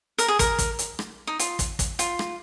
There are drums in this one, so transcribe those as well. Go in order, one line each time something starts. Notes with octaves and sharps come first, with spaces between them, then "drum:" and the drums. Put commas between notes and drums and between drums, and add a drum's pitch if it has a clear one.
A#4, drum: hi-hat
G#4
A#4, drum: kick, hi-hat
drum: kick, hi-hat
drum: hi-hat
drum: rim click
D#4
F4, drum: hi-hat
drum: kick, hi-hat
drum: kick, hi-hat
F4, drum: hi-hat
drum: rim click